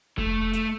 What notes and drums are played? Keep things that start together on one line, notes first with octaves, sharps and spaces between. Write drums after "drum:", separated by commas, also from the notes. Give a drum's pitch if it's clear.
A3, drum: kick F1
A3, drum: hi-hat